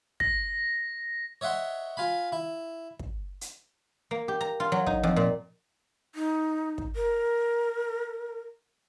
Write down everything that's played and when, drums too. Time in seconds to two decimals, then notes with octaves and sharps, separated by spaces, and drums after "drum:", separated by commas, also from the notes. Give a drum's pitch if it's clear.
0.20 A#6, drum: kick
1.41 C#5 D#5 E5 F#5 C6
1.97 F4 G#5 B5
2.32 E4
2.99 drum: kick
3.41 drum: hi-hat
4.11 A#3
4.28 G4
4.41 A#5
4.60 F4
4.72 F#3
4.86 D#4, drum: kick
5.03 F2
5.16 A#2
6.15 D#4
6.78 drum: kick
6.96 A#4